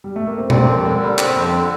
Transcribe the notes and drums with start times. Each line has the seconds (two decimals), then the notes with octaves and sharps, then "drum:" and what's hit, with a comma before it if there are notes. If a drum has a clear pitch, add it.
0.04 G3
0.16 A3
0.27 A#3
0.38 C4
0.50 A#3 C4 D4, drum: tom B2
0.67 F2
0.84 D3
1.01 G3
1.18 C4, drum: clap
1.36 F2
1.53 D3